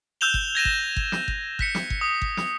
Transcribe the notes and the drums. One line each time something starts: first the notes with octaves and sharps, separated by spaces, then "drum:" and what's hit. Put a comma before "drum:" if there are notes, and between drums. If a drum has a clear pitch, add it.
E6 F#6 G6 E7 F7 G7
drum: kick G1
G#6 A#6 D#7 E7
drum: kick G1
drum: kick G1
drum: snare
drum: kick G1
F#6 B6 C#7, drum: kick G1
drum: snare
drum: kick G1
D#6
drum: kick G1
drum: snare